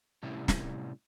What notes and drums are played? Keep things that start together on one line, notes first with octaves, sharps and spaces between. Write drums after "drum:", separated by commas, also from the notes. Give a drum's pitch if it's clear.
A2 C3 G3 C#4 E4
drum: snare